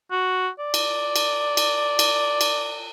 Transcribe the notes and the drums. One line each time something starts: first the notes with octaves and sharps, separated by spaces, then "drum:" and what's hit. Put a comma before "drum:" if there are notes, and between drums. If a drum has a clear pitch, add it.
F#4
D5
drum: cymbal
drum: cymbal
drum: cymbal
drum: cymbal
drum: cymbal